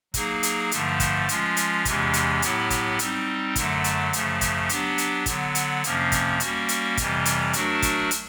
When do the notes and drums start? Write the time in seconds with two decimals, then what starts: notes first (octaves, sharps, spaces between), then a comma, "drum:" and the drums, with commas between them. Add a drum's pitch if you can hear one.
0.14 F#3 A#3 D#4 G#4, drum: kick, hi-hat
0.43 drum: hi-hat
0.72 G2 D3 F3 A3, drum: hi-hat
1.00 drum: kick, hi-hat
1.29 F3 G#3 C#4 F4, drum: hi-hat
1.57 drum: hi-hat
1.85 E2 C3 E3 G#3 C#4, drum: kick, hi-hat
2.13 drum: hi-hat
2.42 A2 F#3 B3 E4 G4, drum: hi-hat
2.70 drum: kick, hi-hat
2.99 G3 C4 D#4, drum: hi-hat
3.56 F#2 D3 F#3 A3, drum: kick, hi-hat
3.84 drum: hi-hat
4.13 F#2 C#3 F3 A3, drum: hi-hat
4.41 drum: kick, hi-hat
4.69 F#3 B3 D4 G4, drum: hi-hat
4.98 drum: hi-hat
5.26 D3 F#3 B3, drum: kick, hi-hat
5.55 drum: hi-hat
5.84 F2 C3 F3 A#3 C#4, drum: hi-hat
6.12 drum: kick, hi-hat
6.40 G3 A#3 C#4 F#4, drum: hi-hat
6.69 drum: hi-hat
6.97 F2 C3 E3 G3, drum: kick, hi-hat
7.25 drum: hi-hat
7.53 F#3 A3 D4 F#4 A#4, drum: hi-hat
7.82 drum: kick, hi-hat
8.11 drum: hi-hat